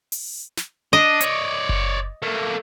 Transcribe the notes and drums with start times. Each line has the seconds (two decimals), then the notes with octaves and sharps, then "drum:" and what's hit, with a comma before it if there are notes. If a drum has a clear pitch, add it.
0.12 drum: open hi-hat
0.57 drum: snare
0.93 D4 D#5
1.21 C#5 D5, drum: hi-hat
1.69 drum: kick F#1
2.23 A3 A#3